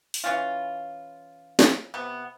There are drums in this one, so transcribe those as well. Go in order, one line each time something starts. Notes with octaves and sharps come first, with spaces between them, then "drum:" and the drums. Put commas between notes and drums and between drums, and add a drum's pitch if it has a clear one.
drum: open hi-hat
E3 C#4 F4
drum: snare
C3 B3